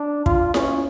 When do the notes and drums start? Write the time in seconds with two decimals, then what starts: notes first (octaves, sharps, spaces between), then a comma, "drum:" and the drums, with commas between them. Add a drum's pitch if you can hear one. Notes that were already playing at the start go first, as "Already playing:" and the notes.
Already playing: D4
0.26 F4, drum: kick
0.54 C#4, drum: snare E4